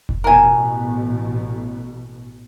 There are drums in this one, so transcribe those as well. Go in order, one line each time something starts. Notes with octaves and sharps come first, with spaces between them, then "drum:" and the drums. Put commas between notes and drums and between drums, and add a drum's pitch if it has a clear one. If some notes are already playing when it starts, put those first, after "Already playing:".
drum: kick F1
A1 B2 A#4 G#5